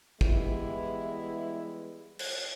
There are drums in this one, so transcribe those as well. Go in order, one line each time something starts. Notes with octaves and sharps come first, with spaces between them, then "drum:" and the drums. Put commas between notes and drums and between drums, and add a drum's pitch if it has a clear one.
E3 G3 G#3 B3 E4, drum: kick
drum: cymbal